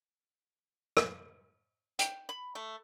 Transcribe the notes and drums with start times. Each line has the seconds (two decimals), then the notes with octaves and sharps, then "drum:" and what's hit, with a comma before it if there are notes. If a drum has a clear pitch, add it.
0.97 drum: rim click
1.99 G5, drum: hi-hat
2.29 B5
2.55 A3